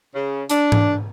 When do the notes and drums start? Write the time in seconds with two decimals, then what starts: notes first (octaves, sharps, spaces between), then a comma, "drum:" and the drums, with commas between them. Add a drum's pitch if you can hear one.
0.14 C#3
0.50 D4, drum: hi-hat
0.72 drum: tom G#2